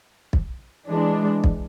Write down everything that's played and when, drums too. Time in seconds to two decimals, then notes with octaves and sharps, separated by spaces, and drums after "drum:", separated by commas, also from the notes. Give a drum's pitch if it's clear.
0.33 drum: kick
0.88 E3 G#3 D4
1.44 drum: kick